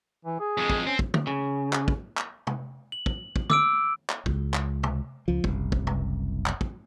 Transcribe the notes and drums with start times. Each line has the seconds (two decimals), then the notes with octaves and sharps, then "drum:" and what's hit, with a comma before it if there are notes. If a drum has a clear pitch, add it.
0.25 E3
0.40 G#4
0.58 F2 G#3
0.70 drum: kick
0.87 C4 C#4
0.99 drum: kick
1.14 drum: tom
1.27 C#3
1.73 drum: clap
1.88 drum: kick
2.17 drum: clap
2.47 drum: tom
2.92 F#7
3.06 drum: kick
3.36 drum: kick
3.50 D6 E6 D7, drum: tom
4.10 drum: clap
4.26 C#2, drum: kick
4.54 drum: clap
4.83 drum: tom
5.28 C#2 F3
5.44 F#1 C2, drum: kick
5.72 drum: kick
5.87 drum: tom
6.46 drum: clap
6.61 drum: kick